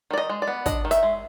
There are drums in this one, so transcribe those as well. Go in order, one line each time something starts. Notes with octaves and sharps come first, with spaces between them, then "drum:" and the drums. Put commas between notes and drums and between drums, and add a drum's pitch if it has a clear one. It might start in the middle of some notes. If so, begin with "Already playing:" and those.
D#3 D5
D#5
G#3
D5
B3
D4 D#5, drum: kick, hi-hat
D#3
E5, drum: hi-hat
G#3